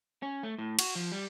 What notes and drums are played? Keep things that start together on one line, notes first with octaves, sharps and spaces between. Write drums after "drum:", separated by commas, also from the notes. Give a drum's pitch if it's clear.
C#4
A3
A2
F#4, drum: cymbal
F3
G3